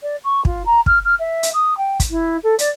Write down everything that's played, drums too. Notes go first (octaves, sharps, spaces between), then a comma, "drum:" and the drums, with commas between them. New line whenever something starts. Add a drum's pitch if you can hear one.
D5
C#6
F4, drum: kick
A#5
F6, drum: kick
F6
E5
drum: hi-hat
D#6
G5
drum: kick, hi-hat
E4
A4
D5, drum: hi-hat